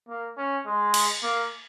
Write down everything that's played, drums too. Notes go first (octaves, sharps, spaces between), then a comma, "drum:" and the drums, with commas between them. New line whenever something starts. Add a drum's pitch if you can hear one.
A#3
C#4
G#3
drum: cymbal
A#3